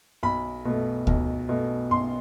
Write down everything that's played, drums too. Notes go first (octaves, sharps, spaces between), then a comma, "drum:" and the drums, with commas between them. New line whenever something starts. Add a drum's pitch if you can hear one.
B1 B5
B2 A3
B1, drum: kick D2
B2 A3
B1 C6